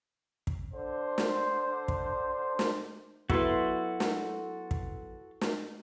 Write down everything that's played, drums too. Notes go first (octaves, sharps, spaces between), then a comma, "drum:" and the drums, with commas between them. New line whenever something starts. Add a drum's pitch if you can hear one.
drum: kick
D3 D4 C5
drum: snare
drum: kick
drum: snare
F#3 B3 E4 F#4 A4 B4 C6, drum: kick
drum: snare
drum: kick
drum: snare